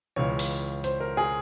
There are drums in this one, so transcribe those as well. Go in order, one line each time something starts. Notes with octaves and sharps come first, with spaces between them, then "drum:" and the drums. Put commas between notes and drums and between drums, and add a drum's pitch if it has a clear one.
C#2 C#3 E3 C#5
drum: open hi-hat
C5, drum: hi-hat
A#4
G#4